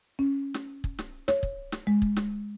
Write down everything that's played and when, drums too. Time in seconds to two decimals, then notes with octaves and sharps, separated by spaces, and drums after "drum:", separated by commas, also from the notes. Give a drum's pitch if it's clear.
0.19 C#4
0.54 drum: snare
0.84 drum: kick
0.99 drum: snare
1.28 C#5, drum: snare
1.43 drum: kick
1.72 drum: snare
1.87 G#3
2.02 drum: kick
2.16 drum: snare